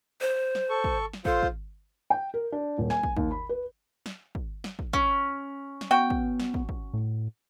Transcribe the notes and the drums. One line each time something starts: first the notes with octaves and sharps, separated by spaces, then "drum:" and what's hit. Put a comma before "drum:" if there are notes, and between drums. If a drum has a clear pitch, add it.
C5
drum: snare
A4 C#6
drum: kick
drum: snare
F4 A4 C5, drum: kick
drum: kick
G5
A#4
D4
D#1
G#5, drum: snare
drum: kick
D#2, drum: kick
B5
B4
drum: snare
drum: kick
drum: snare
drum: kick
C#4, drum: kick
drum: snare
B3 F#4 G5
drum: kick
drum: snare
drum: kick
drum: kick
A2